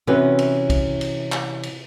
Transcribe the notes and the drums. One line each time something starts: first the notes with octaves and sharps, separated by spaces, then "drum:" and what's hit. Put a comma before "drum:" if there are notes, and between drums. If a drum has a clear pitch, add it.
C3 E3 C#4 F#4 G4 B4
drum: cymbal
drum: kick, cymbal
drum: cymbal
drum: clap
drum: cymbal